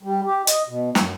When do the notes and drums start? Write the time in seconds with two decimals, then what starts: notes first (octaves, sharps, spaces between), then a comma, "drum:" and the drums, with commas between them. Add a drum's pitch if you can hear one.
0.03 G3
0.26 G4
0.47 D#5, drum: hi-hat
0.68 B2
0.95 F#2, drum: snare